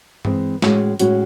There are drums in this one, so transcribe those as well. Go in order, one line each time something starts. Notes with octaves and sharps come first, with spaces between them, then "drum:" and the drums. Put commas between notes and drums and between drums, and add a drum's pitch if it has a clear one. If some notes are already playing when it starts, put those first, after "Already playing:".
E3 G#3 C4, drum: tom G2
A2 G#3 C#4 F#4, drum: snare
A2 G#3 C#4 F#4, drum: hi-hat